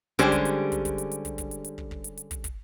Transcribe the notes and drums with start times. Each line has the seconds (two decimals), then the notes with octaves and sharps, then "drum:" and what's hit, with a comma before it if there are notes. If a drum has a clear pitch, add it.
0.19 D3 G3 G#3 C#4 G4 C5, drum: kick, hi-hat
0.32 drum: kick, hi-hat
0.45 drum: hi-hat
0.72 drum: kick, hi-hat
0.85 drum: kick, hi-hat
0.98 drum: hi-hat
1.11 drum: hi-hat
1.25 drum: kick, hi-hat
1.38 drum: kick, hi-hat
1.51 drum: hi-hat
1.64 drum: hi-hat
1.78 drum: kick
1.91 drum: kick
2.04 drum: hi-hat
2.17 drum: hi-hat
2.31 drum: kick, hi-hat
2.44 drum: kick, hi-hat